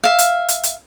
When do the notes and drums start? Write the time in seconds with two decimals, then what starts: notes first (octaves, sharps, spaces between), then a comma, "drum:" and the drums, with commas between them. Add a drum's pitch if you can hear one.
0.04 E5 F5
0.19 drum: hi-hat
0.48 drum: hi-hat
0.63 drum: hi-hat